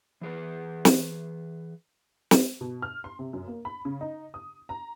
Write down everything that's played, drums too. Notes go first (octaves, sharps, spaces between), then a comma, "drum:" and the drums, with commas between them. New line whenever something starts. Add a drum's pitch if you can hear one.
E3 G#4 B4
drum: snare
drum: snare
B2
F6
C6
C3
F#2
A#3
B5
C#3
D#4
D#6
A#5